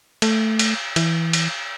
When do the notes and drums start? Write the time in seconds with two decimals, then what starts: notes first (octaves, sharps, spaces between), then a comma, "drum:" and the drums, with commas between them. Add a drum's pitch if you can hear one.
0.22 A3, drum: cymbal
0.59 drum: cymbal
0.96 E3, drum: cymbal
1.33 drum: cymbal